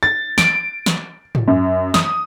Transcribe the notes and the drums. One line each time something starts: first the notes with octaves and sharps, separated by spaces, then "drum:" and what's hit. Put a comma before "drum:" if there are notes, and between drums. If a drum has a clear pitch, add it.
A6
D7, drum: snare
drum: snare
drum: tom G#2
F#2
D#6, drum: snare